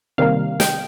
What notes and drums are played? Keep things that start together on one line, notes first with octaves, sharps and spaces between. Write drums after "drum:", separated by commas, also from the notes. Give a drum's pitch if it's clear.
C3 D#3 G3 A#3 F5
G5, drum: snare